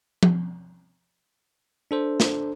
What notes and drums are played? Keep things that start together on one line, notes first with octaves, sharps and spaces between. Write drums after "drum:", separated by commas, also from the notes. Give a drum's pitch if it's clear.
drum: tom F3
D4 A4 C5
drum: snare